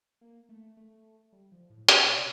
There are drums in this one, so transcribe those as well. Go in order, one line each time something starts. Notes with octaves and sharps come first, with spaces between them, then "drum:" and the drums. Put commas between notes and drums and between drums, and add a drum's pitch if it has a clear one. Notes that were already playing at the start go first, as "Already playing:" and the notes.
A#3
A3
A3
G3
F3
A2
A#2, drum: hi-hat
C3